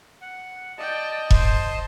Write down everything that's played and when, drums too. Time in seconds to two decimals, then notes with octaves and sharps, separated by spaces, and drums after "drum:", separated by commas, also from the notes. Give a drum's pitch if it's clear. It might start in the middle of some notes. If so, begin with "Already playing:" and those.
0.21 F#5
0.78 D5 D#5 G5 A5
1.30 C5, drum: kick E1